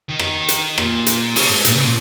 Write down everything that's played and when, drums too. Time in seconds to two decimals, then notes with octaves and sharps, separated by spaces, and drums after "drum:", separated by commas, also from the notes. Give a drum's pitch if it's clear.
0.09 D#3
0.19 drum: rim click
0.48 drum: hi-hat
0.78 A#2, drum: rim click
1.06 drum: hi-hat
1.36 C#3, drum: open hi-hat
1.44 A#2
1.50 G#2
1.65 A#2, drum: hi-hat
1.75 C#3
1.84 A#2